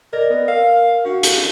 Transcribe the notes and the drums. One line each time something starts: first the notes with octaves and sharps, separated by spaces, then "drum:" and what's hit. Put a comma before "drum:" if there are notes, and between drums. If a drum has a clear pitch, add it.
A#4 D5 D#5 A#6
B3
A#4 F5
D4 F#4 F5
drum: hi-hat